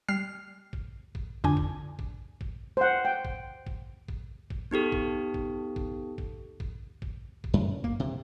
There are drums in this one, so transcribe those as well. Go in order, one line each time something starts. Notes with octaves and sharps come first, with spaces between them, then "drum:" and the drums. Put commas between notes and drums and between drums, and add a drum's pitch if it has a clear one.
G3 F6 C7
drum: kick
drum: kick
F2 D3 D4 G#5
drum: kick
drum: kick
drum: kick
C5 F#5
G5
drum: kick
drum: kick
drum: kick
drum: kick
B3 D#4 G4 A4
drum: kick
drum: kick
drum: kick
drum: kick
drum: kick
drum: kick
drum: kick
F#2
A#3, drum: kick
C3